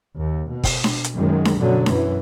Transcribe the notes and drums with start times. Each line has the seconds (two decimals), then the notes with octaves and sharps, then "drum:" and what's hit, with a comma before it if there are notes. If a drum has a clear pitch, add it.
0.17 D#2
0.52 B2
0.64 drum: kick, open hi-hat
0.84 drum: snare D4
1.04 drum: hi-hat
1.16 F#2 D#3 G#3
1.45 drum: snare D4
1.56 F#2 B2 D3 F#3
1.86 F#2 E3, drum: snare D4